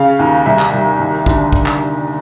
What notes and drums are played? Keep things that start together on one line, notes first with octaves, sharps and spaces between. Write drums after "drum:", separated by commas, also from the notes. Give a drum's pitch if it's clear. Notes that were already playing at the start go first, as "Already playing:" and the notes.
Already playing: C#3 F5
D#2
C2 E5
drum: clap
C2
D#2
D3, drum: kick
drum: kick
drum: clap